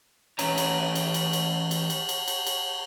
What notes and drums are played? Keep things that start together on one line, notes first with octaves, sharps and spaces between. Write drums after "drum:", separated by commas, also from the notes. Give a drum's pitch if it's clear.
E3 C#4 B4 C#5 A#5, drum: cymbal
drum: cymbal
drum: cymbal
drum: cymbal
drum: cymbal
drum: cymbal
drum: cymbal
drum: cymbal
drum: cymbal
drum: cymbal